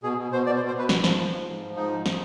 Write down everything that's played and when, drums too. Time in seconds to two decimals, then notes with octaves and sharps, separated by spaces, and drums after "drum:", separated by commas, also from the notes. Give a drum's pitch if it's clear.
0.03 B2 G#4
0.18 B2
0.32 B2 C5
0.46 B2 D5
0.57 C5
0.61 B2
0.67 C5
0.74 B2 B4
0.89 G#2, drum: snare
1.04 F3, drum: snare
1.19 F3
1.33 G#2
1.47 G#2
1.62 F3
1.76 G#2 D#4
1.91 F3
2.06 F3, drum: snare